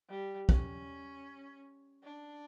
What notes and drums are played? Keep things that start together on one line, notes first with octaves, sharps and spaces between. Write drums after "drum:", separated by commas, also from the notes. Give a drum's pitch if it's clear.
G3
C#4, drum: kick
D4